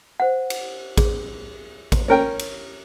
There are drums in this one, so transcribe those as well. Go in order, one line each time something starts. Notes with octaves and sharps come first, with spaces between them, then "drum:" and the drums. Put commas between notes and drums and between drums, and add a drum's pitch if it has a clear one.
C5 F#5
drum: cymbal
G#4, drum: kick A1, cymbal
drum: kick A1, cymbal
C#4 A#4 G5
drum: cymbal